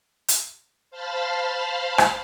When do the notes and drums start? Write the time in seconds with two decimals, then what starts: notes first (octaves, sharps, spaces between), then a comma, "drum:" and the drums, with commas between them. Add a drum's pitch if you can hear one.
0.28 drum: hi-hat
0.90 C5 F5 A5 B5 F6 A6
1.98 drum: rim click